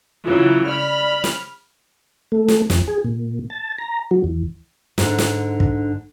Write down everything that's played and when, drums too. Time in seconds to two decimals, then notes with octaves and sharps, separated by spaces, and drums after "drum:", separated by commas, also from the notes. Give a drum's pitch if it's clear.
0.25 C#3 E3 F#3 F4
0.66 D5 B5 F6
1.24 drum: snare
2.32 A3
2.48 drum: snare
2.70 F2, drum: snare
2.88 G#4
3.04 A#2
3.50 A5
3.78 A#5
4.11 F#3
4.24 E2
4.98 G#2 D3, drum: snare
5.18 drum: snare
5.60 drum: kick